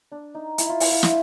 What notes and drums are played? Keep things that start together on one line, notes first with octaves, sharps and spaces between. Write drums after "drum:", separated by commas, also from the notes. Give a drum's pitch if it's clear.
D4
D#4
E4, drum: hi-hat
F4
E4, drum: open hi-hat
F4
E4, drum: snare